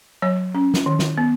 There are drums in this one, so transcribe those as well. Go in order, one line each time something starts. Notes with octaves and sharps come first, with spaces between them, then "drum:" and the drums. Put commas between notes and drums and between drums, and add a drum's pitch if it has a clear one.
F#3 C#5
C#4
drum: snare
D#3
drum: snare
B3